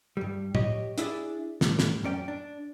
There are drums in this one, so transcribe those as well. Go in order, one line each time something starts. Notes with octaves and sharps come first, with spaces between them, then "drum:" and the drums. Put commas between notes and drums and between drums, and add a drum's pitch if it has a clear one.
G2 G3
G4 C#5 D#5, drum: tom A2
D4 E4 G4 G#4 D5, drum: hi-hat
A2 G3, drum: snare
drum: snare
F#2 C#4 D5 G5
D4